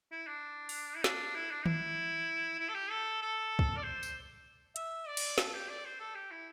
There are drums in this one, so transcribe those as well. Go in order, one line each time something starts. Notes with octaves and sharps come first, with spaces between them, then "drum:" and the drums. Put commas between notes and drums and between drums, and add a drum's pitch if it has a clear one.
E4
D4
drum: open hi-hat
E4
D4, drum: snare
E4
D4
E4, drum: tom D#3
E4
A4
G4
A4
A4
drum: kick
D5
C5
drum: tambourine
E5, drum: hi-hat
D5
drum: cymbal
A4, drum: snare
G4
D5
C5
A4
G4
E4